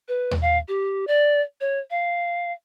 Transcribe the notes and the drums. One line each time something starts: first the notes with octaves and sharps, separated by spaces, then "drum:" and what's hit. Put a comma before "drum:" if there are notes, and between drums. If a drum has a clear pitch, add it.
B4
drum: tom D#2
F5
G4
D5
C#5
F5